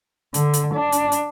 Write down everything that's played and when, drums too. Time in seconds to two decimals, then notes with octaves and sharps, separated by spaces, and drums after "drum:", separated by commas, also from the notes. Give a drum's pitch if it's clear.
0.34 D3, drum: hi-hat
0.53 drum: hi-hat
0.74 D4
0.92 drum: hi-hat
1.12 drum: hi-hat